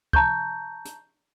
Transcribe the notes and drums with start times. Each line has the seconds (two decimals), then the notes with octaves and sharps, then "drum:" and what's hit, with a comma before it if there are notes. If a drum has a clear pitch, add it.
0.13 A5 A#5 C#6 G6, drum: kick
0.85 drum: hi-hat